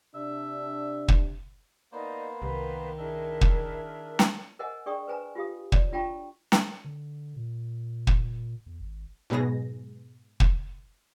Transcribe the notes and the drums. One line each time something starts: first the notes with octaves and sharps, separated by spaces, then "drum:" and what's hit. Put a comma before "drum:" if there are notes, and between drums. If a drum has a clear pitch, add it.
C3 D4 E5
drum: kick
A#3 B3 D#4 C5 D5 D#5
C2 D#3 B4
D4 E4 G#4 A#4 E5
drum: kick
drum: snare
A#4 C5 D#5 F#5 G#5
D4 G#4 D5 G5 C#6 D#6
B4 C5 G#5 A#5
F4 G4 F5 D#6
C#5 D5 A#5, drum: kick
D4 F4 G5 A5 A#5 C#6
drum: snare
D3
A#2
drum: kick
E2
G#1
G#2 B2 F#3 B3 G#4 A#6
drum: kick